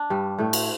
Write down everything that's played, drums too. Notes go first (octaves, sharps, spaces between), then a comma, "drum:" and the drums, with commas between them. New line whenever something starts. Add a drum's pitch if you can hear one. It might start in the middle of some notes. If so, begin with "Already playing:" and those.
Already playing: D4
G2 G3
A2 A3
drum: cymbal